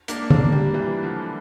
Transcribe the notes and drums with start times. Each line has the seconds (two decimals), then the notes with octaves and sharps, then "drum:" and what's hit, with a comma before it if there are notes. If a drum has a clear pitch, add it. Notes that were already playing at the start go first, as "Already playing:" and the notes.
0.08 A#3 D4, drum: hi-hat
0.30 A#3 D4, drum: tom
0.52 G3 A#3
0.74 E3 G3
1.03 D3 F3